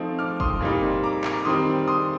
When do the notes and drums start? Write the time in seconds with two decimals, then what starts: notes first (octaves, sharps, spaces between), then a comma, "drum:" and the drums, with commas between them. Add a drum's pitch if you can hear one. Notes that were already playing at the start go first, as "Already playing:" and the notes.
Already playing: F3 A3 C4 D#4
0.19 D6 F6
0.40 C6 D#6, drum: kick
0.61 A#2 G3 C4 D#4
1.03 A#5 D6
1.24 A#5 D6, drum: clap
1.45 D#3 G3 C4 C6 D#6
1.88 C6 D#6